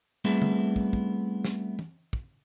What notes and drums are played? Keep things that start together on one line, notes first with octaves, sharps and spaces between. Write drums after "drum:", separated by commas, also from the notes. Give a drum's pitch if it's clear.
G3 A3 B3 C4 E4 G#4
drum: tom
drum: kick
drum: kick
drum: snare
drum: tom
drum: kick